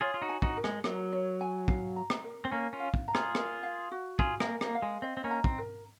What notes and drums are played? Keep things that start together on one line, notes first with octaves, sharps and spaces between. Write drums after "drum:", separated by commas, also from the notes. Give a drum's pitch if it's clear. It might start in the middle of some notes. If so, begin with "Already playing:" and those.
F4 G#4 C#5
F4
D#4 F#4
G#5
D#4 F#4, drum: kick
A#4
G#3, drum: rim click
F#3 A#4, drum: rim click
C#5
G#5
F5, drum: kick
A#5
drum: rim click
A#4
C4
A#3 C#4 A#4
C#4 F4
F5
drum: kick
A#5
F4 G#4, drum: rim click
A#4, drum: rim click
F5
F#4
F4 G#4 G#5, drum: kick
A#3, drum: rim click
A#4
A#3, drum: rim click
F5
G#3
C4 D#5
C4
A#3 C#4
A#5
C4, drum: kick
A#4